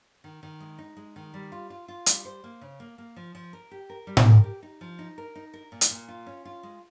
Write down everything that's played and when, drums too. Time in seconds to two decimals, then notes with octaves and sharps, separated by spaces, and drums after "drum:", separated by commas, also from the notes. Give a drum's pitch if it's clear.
0.24 D#3
0.43 D#3
0.60 G#3
0.78 D#4
0.97 G#3
1.16 D#3
1.34 G3
1.52 F4
1.70 F4
1.88 F4
2.06 G3, drum: hi-hat
2.25 C5
2.44 A#3
2.61 C#3
2.80 A#3
2.98 A#3
3.16 F3
3.35 F3
3.53 A#4
3.71 G4
3.90 A#4
4.07 G3
4.17 drum: tom A2
4.26 A#4
4.44 G4
4.63 D#4
4.81 F3
4.99 D#4
5.18 A#4
5.35 D#4
5.54 A#4
5.72 A#2
5.81 drum: hi-hat
5.90 A#2
6.08 F4
6.26 C#4
6.45 F4
6.63 G#3